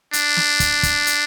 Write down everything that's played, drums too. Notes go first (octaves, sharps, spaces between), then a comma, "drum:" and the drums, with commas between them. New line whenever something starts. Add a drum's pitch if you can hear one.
D4, drum: hi-hat
drum: snare
drum: kick, hi-hat
drum: kick, hi-hat
drum: hi-hat